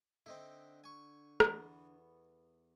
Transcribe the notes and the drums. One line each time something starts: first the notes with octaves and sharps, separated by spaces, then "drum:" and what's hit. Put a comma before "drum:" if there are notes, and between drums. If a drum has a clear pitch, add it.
D3 C4 D#4 E4
G#5 C#6
E2 B3 F#5, drum: rim click